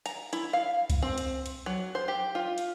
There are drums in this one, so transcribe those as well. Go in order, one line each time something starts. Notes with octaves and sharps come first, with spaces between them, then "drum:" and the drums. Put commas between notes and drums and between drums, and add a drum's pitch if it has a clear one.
A#5, drum: hi-hat
E4, drum: hi-hat
F5
drum: kick C2, hi-hat
C4
drum: hi-hat
drum: hi-hat
F#3
C5
G4
F4
drum: hi-hat